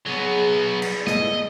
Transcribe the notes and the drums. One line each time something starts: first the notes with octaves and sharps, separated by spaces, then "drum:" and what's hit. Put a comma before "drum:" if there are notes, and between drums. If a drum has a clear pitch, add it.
F#3 B3 G#4 B4
drum: cymbal
D#5, drum: snare